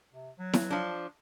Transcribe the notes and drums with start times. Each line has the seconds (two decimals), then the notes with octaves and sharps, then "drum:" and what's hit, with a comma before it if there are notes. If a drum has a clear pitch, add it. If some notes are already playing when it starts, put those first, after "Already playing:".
0.13 C3
0.39 F#3
0.53 drum: snare E4
0.70 F3 D4